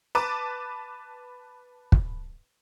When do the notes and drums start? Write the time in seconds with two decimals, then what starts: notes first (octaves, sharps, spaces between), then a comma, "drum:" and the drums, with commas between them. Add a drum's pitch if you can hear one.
0.15 B4 A5 D6
1.92 drum: kick